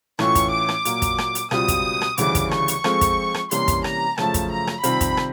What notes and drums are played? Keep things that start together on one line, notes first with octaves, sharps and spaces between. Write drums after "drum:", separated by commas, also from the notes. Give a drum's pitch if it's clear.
A2 E3 A3 C#4 F4 C#6, drum: rim click
drum: kick, hi-hat
D6
drum: rim click
A#2 F#3 A#3, drum: hi-hat
drum: kick, hi-hat
drum: rim click
drum: hi-hat
C#2 B2 G3 C4 F4 D#6, drum: rim click
drum: kick, hi-hat
drum: rim click
D2 C#3 E3 G3 D6, drum: hi-hat
drum: kick, hi-hat
C#6, drum: rim click
drum: hi-hat
F3 G#3 C4 F4 A4, drum: rim click
drum: kick, hi-hat
drum: rim click
C3 E3 G3 A#3 C#4 C6, drum: hi-hat
drum: kick, hi-hat
A#5, drum: rim click
F#2 C#3 F3 A3 A5, drum: rim click
drum: kick, hi-hat
A#5
drum: rim click
C3 D#3 G3 C4 F4 B5, drum: hi-hat
drum: kick, hi-hat
drum: rim click